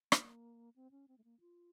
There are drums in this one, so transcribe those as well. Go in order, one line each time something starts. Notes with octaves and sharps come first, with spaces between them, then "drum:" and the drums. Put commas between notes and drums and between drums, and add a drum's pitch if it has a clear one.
A#3, drum: rim click
C4
C#4
C4
A3
A#3
F4